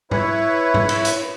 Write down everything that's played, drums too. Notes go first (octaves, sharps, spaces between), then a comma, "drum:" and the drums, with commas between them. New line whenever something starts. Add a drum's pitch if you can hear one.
E4 B4 C#5, drum: tom G#2
drum: tom G#2
drum: cymbal
drum: hi-hat